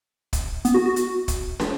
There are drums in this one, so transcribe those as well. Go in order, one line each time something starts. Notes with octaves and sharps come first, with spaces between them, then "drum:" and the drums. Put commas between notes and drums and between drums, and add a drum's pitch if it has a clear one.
drum: kick, hi-hat
B3, drum: hi-hat
F#4
F#4
drum: hi-hat
drum: kick, hi-hat
drum: snare